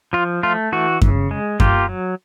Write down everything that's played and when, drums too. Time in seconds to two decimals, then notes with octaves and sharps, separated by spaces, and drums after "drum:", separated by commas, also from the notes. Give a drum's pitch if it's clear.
0.13 F3 F4
0.43 A3 F4
0.72 E3 F#4
1.02 C#3, drum: kick F#2
1.31 G#3
1.60 A#3 F4 G4, drum: kick F#2
1.89 F#3